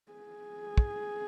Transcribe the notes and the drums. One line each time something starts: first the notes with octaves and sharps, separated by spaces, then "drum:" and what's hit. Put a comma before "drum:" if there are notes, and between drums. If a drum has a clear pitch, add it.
G#4
drum: kick